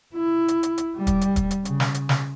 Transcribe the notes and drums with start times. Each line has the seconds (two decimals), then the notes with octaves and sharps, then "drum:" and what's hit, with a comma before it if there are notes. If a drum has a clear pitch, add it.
0.15 E4
0.48 drum: hi-hat
0.63 drum: hi-hat
0.78 drum: hi-hat
0.96 G3
1.07 drum: kick, hi-hat
1.21 drum: hi-hat
1.36 drum: kick, hi-hat
1.51 drum: hi-hat
1.65 C#3, drum: hi-hat
1.80 drum: snare
1.94 drum: hi-hat
2.09 drum: snare